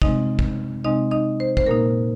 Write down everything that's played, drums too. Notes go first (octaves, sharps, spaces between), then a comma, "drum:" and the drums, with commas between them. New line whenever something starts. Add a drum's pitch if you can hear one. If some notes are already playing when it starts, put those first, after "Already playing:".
C3 G#3 C4 D#4 D#5, drum: kick
drum: kick
C3 G#3 C4 D#4 D#5
D#4 D#5
C5
C5, drum: kick
A#2 A#3 D#4 A#4